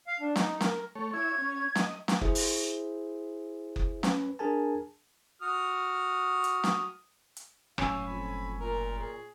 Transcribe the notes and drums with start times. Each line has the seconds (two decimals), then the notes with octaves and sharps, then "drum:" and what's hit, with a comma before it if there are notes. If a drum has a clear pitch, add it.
0.07 F5
0.20 D4
0.36 D#4, drum: snare
0.61 A#4, drum: snare
0.95 A3 C#5
1.14 E4 C#5 G#6
1.38 C#4
1.75 D#5, drum: snare
2.08 drum: snare
2.21 E4 G#4 C5 E5, drum: kick F#1
2.35 drum: open hi-hat
3.76 drum: kick F#1
4.03 C#4 B4, drum: snare
4.39 D4 G#4 A#4 G#5 A5
5.42 F#4 D#6 F6
6.44 drum: hi-hat
6.64 drum: snare
7.37 drum: hi-hat
7.78 F#1 A2 C#4 F5 G#5 E6, drum: rim click
8.06 F2 B5
8.60 A#2 A#4
8.99 G#4